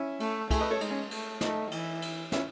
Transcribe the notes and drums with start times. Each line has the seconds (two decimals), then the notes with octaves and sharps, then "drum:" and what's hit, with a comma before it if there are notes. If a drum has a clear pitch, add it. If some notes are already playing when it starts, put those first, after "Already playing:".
Already playing: C#4 E4
0.20 A3, drum: cymbal
0.51 A3 E4 G#4, drum: kick C2, cymbal
0.60 B4 D#5
0.71 A4 C#5
0.81 G#3 D#4, drum: cymbal
0.91 C#4
1.11 A3, drum: cymbal
1.41 A3 D#4, drum: snare
1.71 E3, drum: cymbal
2.02 drum: cymbal
2.32 C#4 E4, drum: snare